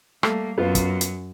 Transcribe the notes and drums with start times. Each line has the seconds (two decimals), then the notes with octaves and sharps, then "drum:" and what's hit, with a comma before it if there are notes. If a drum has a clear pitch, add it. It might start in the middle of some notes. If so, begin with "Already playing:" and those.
0.23 G3 A3 A#3, drum: rim click
0.58 F#2 B3 F4
0.75 drum: kick, hi-hat
1.01 drum: hi-hat